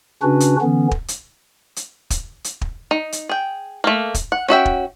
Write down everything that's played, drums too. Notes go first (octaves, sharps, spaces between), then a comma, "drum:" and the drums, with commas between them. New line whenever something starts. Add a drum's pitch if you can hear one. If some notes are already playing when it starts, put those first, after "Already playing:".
C#3 C#4 D4 F#4 B4
drum: hi-hat
D3 E3 B3 C#4
drum: kick
drum: hi-hat
drum: hi-hat
drum: kick, hi-hat
drum: hi-hat
drum: kick
D#4
drum: hi-hat
G#4 G5
A3 A#3
drum: kick, hi-hat
F#5
C#4 F#4 E5 G5
drum: kick